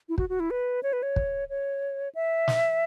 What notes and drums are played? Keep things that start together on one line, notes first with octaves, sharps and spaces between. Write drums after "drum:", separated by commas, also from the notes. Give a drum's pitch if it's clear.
E4
F#4, drum: kick
F#4
E4
B4
C#5
B4
C#5
drum: kick
C#5
E5
drum: snare